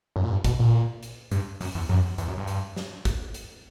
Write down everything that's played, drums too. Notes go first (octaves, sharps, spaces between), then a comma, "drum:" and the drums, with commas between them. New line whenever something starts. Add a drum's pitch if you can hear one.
F#2
A#2
G2
B2, drum: kick, hi-hat
A#2
drum: hi-hat
G2, drum: hi-hat
F#2, drum: open hi-hat
E2
F#2, drum: tom F3
E2, drum: hi-hat
F#2
G2
drum: hi-hat
drum: snare
drum: kick, hi-hat
drum: hi-hat